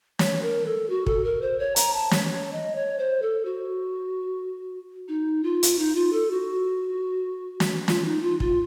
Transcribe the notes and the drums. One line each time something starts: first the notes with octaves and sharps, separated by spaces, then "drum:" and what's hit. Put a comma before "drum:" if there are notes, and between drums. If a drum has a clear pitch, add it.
C#5, drum: snare
A#4
A4
F#4
A4, drum: kick
A#4
C5
C#5
A#5, drum: hi-hat
A5
C#5, drum: snare
C#5
D#5
C#5
C5
A4
F#4
D#4
F4
drum: hi-hat
D#4
F4
A4
F#4
drum: snare
F4, drum: snare
D#4
F4
F4, drum: kick